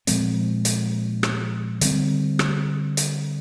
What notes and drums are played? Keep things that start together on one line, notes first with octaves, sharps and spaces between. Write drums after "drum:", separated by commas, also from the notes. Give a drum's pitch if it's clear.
A#2 F3 G#3 C4, drum: hi-hat
drum: hi-hat
drum: rim click
D3 G3 C4, drum: hi-hat
drum: rim click
drum: hi-hat